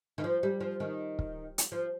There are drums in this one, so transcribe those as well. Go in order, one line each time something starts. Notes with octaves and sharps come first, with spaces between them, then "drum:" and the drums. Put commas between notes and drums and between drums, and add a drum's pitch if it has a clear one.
D#3
F3
G3
F3
D#3
drum: kick
drum: hi-hat
F3